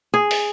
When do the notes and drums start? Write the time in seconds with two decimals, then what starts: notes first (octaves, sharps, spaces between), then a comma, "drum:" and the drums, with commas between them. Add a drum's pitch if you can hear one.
0.14 G#4
0.31 drum: open hi-hat